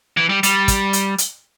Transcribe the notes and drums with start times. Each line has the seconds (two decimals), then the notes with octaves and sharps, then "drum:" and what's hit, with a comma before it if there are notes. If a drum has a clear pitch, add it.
0.17 E3
0.29 G3
0.43 G3, drum: hi-hat
0.68 drum: kick, hi-hat
0.93 drum: hi-hat
1.18 drum: hi-hat